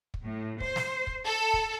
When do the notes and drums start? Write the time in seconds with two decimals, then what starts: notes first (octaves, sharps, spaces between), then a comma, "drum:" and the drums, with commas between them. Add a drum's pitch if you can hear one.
0.14 drum: kick
0.23 A2
0.60 C5, drum: kick
0.76 drum: snare
1.07 drum: kick
1.27 A4
1.54 drum: kick